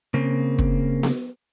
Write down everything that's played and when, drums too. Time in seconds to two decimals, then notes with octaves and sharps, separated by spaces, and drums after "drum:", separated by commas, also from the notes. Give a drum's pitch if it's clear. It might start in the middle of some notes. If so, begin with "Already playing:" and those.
0.14 C#3 A#3 C4
0.59 drum: kick
1.03 drum: snare B3